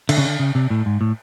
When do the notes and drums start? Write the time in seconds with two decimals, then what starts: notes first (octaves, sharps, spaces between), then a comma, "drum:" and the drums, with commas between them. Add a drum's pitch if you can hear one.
0.09 D3, drum: cymbal
0.18 C#3
0.25 D3
0.39 C#3
0.55 C3
0.70 A2
0.86 G#2
1.01 A2